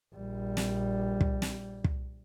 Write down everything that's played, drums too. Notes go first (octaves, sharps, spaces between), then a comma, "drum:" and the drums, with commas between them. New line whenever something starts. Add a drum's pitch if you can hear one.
A#1 G3
drum: snare
drum: kick
drum: snare
drum: kick